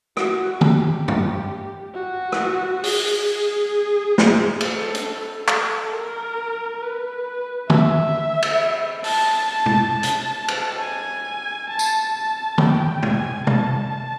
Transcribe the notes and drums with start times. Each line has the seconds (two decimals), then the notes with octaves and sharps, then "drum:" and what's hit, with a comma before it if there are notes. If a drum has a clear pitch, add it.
0.17 F#4, drum: rim click
0.61 G4, drum: tom
1.08 drum: tom
1.94 F#4
2.32 drum: rim click
2.83 G#4, drum: open hi-hat
4.18 drum: snare
4.60 A4, drum: cymbal
4.95 drum: hi-hat
5.48 A4, drum: clap
5.93 A#4
6.82 B4
7.70 E5, drum: tom
8.42 drum: cymbal
9.04 A5, drum: open hi-hat
9.48 A5
9.66 drum: tom
9.92 A5
10.03 drum: hi-hat
10.48 drum: cymbal
10.80 G#5
11.70 A5
11.79 drum: tambourine
12.14 A5
12.58 G5, drum: tom
13.03 G#5, drum: tom
13.47 A5, drum: tom